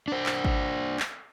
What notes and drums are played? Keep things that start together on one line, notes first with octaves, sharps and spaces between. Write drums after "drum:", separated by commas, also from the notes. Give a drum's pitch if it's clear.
D4 C5
drum: clap
drum: kick G#1
drum: clap